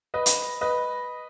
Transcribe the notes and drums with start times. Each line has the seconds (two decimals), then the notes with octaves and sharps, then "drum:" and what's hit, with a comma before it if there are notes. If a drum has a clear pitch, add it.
0.14 B4 D#5
0.26 drum: hi-hat
0.61 B4 D#5